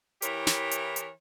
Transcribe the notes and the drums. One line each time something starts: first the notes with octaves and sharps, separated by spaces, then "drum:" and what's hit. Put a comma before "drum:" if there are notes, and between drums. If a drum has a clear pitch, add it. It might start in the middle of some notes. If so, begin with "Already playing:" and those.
E3 E4 G4 A#4 C#5, drum: hi-hat
drum: snare
drum: hi-hat
drum: hi-hat